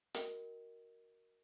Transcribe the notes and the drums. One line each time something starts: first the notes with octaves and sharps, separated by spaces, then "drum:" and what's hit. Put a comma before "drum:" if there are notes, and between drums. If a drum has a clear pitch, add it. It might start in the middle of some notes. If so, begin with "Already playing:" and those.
F#4 A#4 D#5 G5, drum: hi-hat